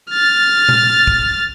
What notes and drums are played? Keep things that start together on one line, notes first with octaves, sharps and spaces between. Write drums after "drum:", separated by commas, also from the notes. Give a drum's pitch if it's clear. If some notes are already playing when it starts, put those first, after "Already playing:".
F6 A6
drum: tom A#2
drum: kick